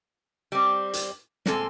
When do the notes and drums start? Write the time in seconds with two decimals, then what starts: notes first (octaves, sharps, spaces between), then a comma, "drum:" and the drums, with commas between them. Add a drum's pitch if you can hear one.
0.52 G3 C4
0.93 drum: hi-hat
1.46 A#2 G#3 C4 A4 G#5, drum: snare